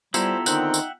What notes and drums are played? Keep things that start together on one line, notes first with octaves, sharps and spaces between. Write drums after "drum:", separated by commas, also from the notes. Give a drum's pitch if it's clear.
G3 B3 E4 F4 G4 A4 C5 A#5, drum: tambourine
D3 D#3 C4 D#4 E5 F#5 G5, drum: tambourine
drum: tambourine